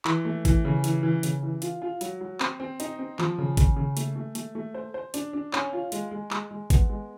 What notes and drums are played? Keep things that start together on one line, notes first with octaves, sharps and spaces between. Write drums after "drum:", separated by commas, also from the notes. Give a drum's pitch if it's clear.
E3, drum: clap
A3
E3, drum: kick G#1, hi-hat
C#3
E3, drum: hi-hat
E3
C#3, drum: hi-hat
E3
F4, drum: hi-hat
F4
F#3, drum: hi-hat
F#3
C4, drum: clap
C4
D#4, drum: hi-hat
C4
F3, drum: clap
C#3
C#3, drum: kick G#1, hi-hat
C#3
A3, drum: hi-hat
A3
A3, drum: hi-hat
A3
C5
C5
D4, drum: hi-hat
D4
C#4, drum: clap
F4
G#3, drum: hi-hat
G#3
G#3, drum: clap
G#3
B3, drum: kick G#1, hi-hat
G#3